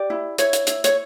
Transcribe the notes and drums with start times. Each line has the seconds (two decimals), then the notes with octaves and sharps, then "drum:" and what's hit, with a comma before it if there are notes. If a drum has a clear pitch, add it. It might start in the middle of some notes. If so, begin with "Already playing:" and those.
Already playing: G4 D5
0.10 E4
0.38 E4 C#5, drum: hi-hat
0.53 drum: hi-hat
0.67 E4, drum: hi-hat
0.84 C#5, drum: hi-hat